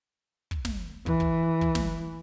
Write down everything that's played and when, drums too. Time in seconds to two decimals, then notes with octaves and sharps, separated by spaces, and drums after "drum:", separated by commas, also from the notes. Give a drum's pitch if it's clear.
0.51 drum: kick
0.65 drum: snare
1.06 E3, drum: kick
1.20 drum: kick
1.61 drum: kick
1.75 drum: snare